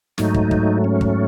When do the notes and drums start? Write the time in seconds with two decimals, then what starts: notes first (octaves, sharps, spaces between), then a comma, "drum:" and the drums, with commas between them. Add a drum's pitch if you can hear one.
0.18 G#2 F#3 A3 D#4, drum: snare
0.34 drum: kick
0.51 drum: kick
0.84 C#4
1.01 drum: kick